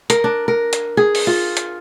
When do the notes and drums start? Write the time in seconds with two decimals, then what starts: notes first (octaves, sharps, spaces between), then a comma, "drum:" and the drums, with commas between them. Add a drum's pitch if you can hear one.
0.10 A#4, drum: hi-hat
0.24 D4
0.48 A#4
0.73 drum: hi-hat
0.97 G#4
1.15 drum: open hi-hat
1.27 F4
1.57 drum: hi-hat